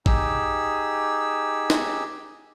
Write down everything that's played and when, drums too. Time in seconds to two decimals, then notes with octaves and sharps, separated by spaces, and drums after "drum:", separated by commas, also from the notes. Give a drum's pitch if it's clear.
0.06 D#4 G4 G#4 E6, drum: kick
1.70 drum: snare